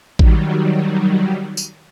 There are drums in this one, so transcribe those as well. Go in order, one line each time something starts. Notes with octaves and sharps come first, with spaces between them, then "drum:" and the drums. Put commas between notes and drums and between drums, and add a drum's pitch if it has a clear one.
D#3 F#3 G3, drum: kick A1
drum: tambourine